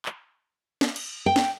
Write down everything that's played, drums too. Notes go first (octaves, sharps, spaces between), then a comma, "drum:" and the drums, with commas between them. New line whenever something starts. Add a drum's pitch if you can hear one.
drum: clap
drum: snare
drum: cymbal
G5
drum: snare